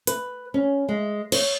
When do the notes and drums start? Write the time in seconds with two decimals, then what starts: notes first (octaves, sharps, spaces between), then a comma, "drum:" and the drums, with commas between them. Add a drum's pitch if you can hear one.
0.07 B4, drum: hi-hat
0.54 C#4
0.89 G#3
1.32 C#5, drum: cymbal